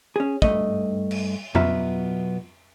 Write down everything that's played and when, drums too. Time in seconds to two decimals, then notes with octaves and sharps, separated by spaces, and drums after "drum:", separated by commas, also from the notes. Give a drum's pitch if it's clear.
0.16 C#4 G#4
0.42 G2 A3 D#5, drum: kick
1.11 drum: cymbal
1.55 B2 F#3 B3 F4 E5 A#5, drum: tom F2